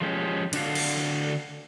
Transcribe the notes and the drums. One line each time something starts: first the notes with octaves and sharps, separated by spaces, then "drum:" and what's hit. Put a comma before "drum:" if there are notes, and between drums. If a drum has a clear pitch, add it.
F3 G#3 C#4 G4
D3 D4 F#4 A4 F5, drum: cymbal
drum: cymbal